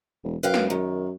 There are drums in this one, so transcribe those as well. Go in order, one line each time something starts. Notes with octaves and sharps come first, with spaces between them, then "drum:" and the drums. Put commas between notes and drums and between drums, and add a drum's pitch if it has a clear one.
E1
F#2 B4 F5 G5
drum: snare
F#2 D#3